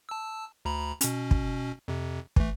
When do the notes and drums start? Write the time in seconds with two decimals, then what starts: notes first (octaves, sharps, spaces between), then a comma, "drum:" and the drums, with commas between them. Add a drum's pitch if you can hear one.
0.09 A5 E6
0.65 D2 A#5 B5
1.01 B2 C#4, drum: hi-hat
1.31 drum: kick
1.88 F2 C3
2.36 E3 A3, drum: kick